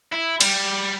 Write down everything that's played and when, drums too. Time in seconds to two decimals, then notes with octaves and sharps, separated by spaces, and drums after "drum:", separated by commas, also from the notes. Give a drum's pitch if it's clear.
0.12 E4
0.41 G3, drum: cymbal